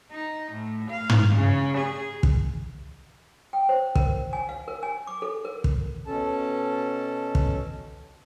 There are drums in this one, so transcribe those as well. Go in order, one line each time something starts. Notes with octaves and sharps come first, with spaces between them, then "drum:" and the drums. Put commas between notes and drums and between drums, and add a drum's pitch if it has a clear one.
D#4
A2
F5
drum: tom
C#3
G#4
drum: kick
G5
C5
A#4, drum: kick
G#5
F5
A#4
G#5
D6
A4
A#4
drum: kick
B2 C#4 A4 A5
drum: kick